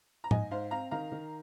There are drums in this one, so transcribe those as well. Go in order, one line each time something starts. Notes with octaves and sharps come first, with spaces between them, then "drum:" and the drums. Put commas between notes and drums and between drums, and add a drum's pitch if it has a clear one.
A#5
G#2 D#5 G#5, drum: tom A2
G#2 C5 F5
C4 F5 A#5
D#3 F5 A#5
D#3